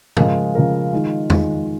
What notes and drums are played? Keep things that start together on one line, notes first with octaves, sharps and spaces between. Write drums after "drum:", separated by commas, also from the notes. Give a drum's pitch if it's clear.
C#3 F3 G#3 F4 A#4, drum: tom G#2
C#3 F3 G#3 F4 A#4
D#3 G#3 F4
D#3 G#3 F4, drum: tom E2